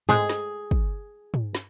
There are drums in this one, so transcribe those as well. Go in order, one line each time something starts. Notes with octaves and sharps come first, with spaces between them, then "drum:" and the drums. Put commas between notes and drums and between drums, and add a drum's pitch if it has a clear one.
G#3 G#4 C5, drum: tom
drum: snare
drum: kick
drum: tom
drum: snare